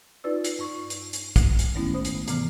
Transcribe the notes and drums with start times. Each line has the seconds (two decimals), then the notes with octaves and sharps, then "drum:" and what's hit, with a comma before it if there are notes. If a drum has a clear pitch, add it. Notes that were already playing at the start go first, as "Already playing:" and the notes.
0.24 D#4 F4 B4 D5 E6
0.44 drum: hi-hat
0.59 G2 C#6
0.90 drum: hi-hat
1.13 drum: hi-hat
1.36 drum: kick, hi-hat
1.59 drum: hi-hat
1.75 D#3 G#3 A3 B3 C#4 E4
1.94 A2 C5 D#6
2.04 drum: hi-hat
2.27 G#2 C3 E3 B3 F6, drum: hi-hat